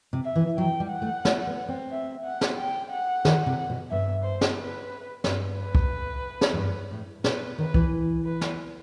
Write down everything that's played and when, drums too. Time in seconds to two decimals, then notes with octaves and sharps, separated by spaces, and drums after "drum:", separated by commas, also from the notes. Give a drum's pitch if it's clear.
0.13 C3
0.24 E5
0.35 E3
0.58 F#3 G5
0.80 G3
0.91 F#5
1.02 A3
1.25 A3, drum: snare
1.47 B3
1.69 C4
1.91 E5
2.25 F#5
2.41 drum: snare
2.58 G5
2.91 F#5
3.25 D#3, drum: snare
3.46 C3
3.70 B2
3.91 G2 E5
4.24 C5
4.41 drum: snare
4.58 B4
5.24 G2, drum: snare
5.58 B4
5.75 drum: kick
6.41 drum: snare
6.53 F#2
6.57 G2
6.91 A2
7.24 B2 B4, drum: snare
7.58 D#3 B4
7.74 E3, drum: kick
8.25 B4
8.41 drum: snare